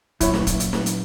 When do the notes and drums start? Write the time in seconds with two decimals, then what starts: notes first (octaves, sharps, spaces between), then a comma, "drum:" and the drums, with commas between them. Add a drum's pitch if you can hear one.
0.21 F#2 A#2 E4 C#5, drum: kick, hi-hat
0.34 drum: snare
0.47 drum: kick, hi-hat
0.60 drum: hi-hat
0.73 drum: snare
0.86 drum: hi-hat